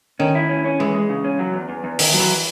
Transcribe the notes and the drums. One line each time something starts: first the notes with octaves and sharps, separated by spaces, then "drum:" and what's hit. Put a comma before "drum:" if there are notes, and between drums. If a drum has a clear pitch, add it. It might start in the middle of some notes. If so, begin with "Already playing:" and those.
D#3 C#4
E4
C#4
C#4
E3 G#3
G#3
C#3
C#4
F#3
E2
E2
E2
E2 D#3, drum: open hi-hat
F#3
E3